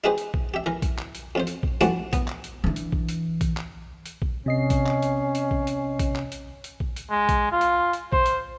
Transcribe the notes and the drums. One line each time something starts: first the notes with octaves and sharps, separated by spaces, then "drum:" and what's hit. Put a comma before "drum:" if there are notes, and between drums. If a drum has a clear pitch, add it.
D#4 E4 G4 G#4 B4 C5
drum: hi-hat
drum: kick A#1
G4 E5
E3 A#4
drum: kick A#1, hi-hat
drum: clap
drum: hi-hat
F2 F4 C5
drum: hi-hat
drum: kick A#1
E3 F3 G3 A3 D4 F#4, drum: hi-hat
B3, drum: kick A#1, hi-hat
drum: clap
drum: hi-hat
E3 D4
drum: hi-hat
drum: kick A#1
drum: hi-hat
drum: kick A#1, hi-hat
drum: clap
drum: hi-hat
drum: kick A#1
C3 C#4 D#5 C7
drum: kick A#1, hi-hat
drum: clap
drum: hi-hat
drum: hi-hat
drum: kick A#1
drum: hi-hat
drum: kick A#1, hi-hat
drum: clap
drum: hi-hat
drum: hi-hat
drum: kick A#1
drum: hi-hat
G#3
drum: kick A#1, hi-hat
F4
drum: hi-hat
drum: hi-hat
C5, drum: kick A#1
drum: hi-hat